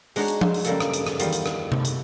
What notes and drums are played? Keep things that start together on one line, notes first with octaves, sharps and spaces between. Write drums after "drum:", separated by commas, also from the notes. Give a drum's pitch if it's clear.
G#3 D4 D#4 F#4 G#4 C#5, drum: open hi-hat
drum: hi-hat
drum: tom F3
drum: open hi-hat
C#3 G3 G#3 A#3 G#4 A4, drum: hi-hat
drum: rim click
drum: hi-hat
drum: rim click
E2 D#3 G3 F4 C6, drum: hi-hat
drum: hi-hat
drum: rim click
drum: tom C3
drum: hi-hat